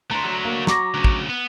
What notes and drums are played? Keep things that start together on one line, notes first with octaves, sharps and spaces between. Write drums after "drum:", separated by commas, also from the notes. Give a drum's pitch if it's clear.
A3 D4 A#5 C6
F#3
A#3
A#5 C#6 D6 A#6, drum: snare
D2 C#3
drum: kick
B3